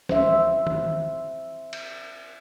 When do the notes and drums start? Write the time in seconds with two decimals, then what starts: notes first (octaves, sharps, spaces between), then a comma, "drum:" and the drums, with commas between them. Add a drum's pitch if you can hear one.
0.09 C5 E5, drum: snare
0.67 drum: tom
1.73 drum: cymbal